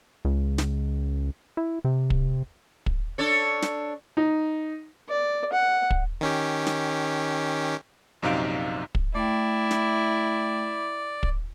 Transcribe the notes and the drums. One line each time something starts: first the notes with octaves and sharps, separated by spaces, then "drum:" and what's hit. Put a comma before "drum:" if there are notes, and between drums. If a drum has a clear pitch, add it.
C#2
drum: snare
E4
C3
drum: kick
drum: kick
D4 A4 C#5
drum: snare
D#4
D5
F#5
drum: kick
D#3 C#4 G4
drum: snare
A#1 F#2 C3 D#4 F5 D7
drum: kick
A3 E4 D5 G5
drum: snare
drum: kick